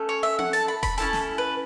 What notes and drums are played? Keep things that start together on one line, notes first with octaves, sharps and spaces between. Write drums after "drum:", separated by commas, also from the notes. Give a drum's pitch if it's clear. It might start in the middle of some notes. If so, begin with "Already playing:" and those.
Already playing: A3 C#4 A4
C#5
E5
F#5, drum: tom C4
A5, drum: hi-hat
B5
B5, drum: kick E1, hi-hat
C#4 E4 A4 A5, drum: hi-hat
drum: snare
B4